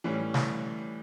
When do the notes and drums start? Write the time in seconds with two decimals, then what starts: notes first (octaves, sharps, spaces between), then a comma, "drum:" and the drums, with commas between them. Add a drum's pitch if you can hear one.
0.04 A2 E3 G3 C#4
0.34 drum: snare